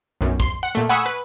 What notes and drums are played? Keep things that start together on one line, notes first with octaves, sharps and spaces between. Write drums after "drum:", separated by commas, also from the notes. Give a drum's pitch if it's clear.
B1 F#2
C6, drum: kick
F#5
A#2 A3
F#5 G#5 B5 C#6 D#6 E6
B4